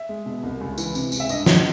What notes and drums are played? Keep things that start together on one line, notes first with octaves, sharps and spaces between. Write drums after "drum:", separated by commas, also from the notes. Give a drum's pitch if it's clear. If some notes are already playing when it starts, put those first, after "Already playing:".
Already playing: E5
G#3
B2
C2
C#2
E3, drum: tambourine
C3, drum: tambourine
C#2, drum: tambourine
E5
G2 D#5, drum: tambourine
G3, drum: snare